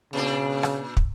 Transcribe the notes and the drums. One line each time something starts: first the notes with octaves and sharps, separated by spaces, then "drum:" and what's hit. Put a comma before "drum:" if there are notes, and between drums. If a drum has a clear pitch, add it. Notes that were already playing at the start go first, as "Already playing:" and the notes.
A#2 C#3 D4
drum: rim click
drum: kick